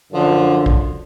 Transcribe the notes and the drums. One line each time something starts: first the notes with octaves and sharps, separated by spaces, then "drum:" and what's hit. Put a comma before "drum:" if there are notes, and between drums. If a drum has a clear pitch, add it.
F#2 D3 F3
drum: kick